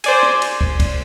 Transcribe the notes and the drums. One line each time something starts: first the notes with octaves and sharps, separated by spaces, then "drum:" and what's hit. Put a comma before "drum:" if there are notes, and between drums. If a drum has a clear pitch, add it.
C5 D5 G#5, drum: cymbal
drum: rim click
drum: cymbal
drum: kick
drum: kick, cymbal